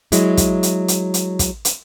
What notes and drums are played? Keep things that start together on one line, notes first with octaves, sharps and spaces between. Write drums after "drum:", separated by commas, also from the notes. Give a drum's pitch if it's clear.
F#3 G#3 E4, drum: hi-hat
drum: kick, hi-hat
drum: hi-hat
drum: hi-hat
drum: hi-hat
drum: kick, hi-hat
drum: hi-hat